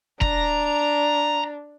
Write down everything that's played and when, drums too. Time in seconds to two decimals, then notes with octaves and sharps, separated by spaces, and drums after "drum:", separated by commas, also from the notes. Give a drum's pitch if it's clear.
0.21 D4 A#5, drum: kick E1